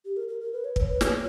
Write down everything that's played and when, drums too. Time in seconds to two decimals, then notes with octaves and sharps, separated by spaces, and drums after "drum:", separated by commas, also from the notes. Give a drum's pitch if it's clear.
0.05 G4
0.17 A#4
0.28 A#4
0.41 A#4
0.52 B4
0.64 C#5
0.76 B4, drum: kick
0.88 B4
1.01 C#5, drum: snare